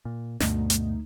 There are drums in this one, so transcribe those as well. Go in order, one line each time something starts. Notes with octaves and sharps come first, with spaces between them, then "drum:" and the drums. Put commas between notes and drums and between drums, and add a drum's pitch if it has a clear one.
A#2
D2 G2 B2 A3 D#4, drum: snare
drum: hi-hat